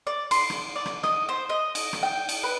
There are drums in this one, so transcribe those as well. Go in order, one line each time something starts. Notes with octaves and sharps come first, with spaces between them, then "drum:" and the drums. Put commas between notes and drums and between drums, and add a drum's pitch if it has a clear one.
D5
C6, drum: cymbal
drum: rim click
D5
drum: rim click
D#5, drum: rim click
C5
D#5
drum: cymbal
drum: rim click
G5
drum: cymbal
B4